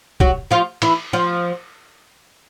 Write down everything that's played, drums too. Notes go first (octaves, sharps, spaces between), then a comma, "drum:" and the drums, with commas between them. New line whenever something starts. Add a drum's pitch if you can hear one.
F#3 F#4, drum: kick
F3 F4
E3 E4, drum: cymbal
F3 F4